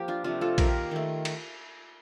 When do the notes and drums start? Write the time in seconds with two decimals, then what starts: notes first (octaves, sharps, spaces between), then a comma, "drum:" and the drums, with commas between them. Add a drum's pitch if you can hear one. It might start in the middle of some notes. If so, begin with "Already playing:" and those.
Already playing: F3 A#3 G4
0.08 D4 F4
0.24 C3 F3 A3 D4 F4
0.41 F4 A4
0.58 D#3 A#3 G4 A#4, drum: kick A#1, cymbal
0.91 D#3 A3
1.25 drum: cymbal